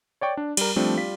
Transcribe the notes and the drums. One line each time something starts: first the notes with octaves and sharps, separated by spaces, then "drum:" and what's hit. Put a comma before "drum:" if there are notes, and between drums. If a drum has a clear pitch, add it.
C#5 D5 G5 C#6
D4
G3 A#4, drum: cymbal
F3 G3 A3 C4 D4 D5
G3 F4 B6